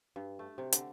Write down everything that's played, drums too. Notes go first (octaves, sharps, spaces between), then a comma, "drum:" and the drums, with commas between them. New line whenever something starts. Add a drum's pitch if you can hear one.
G2
A3
C3
D3, drum: hi-hat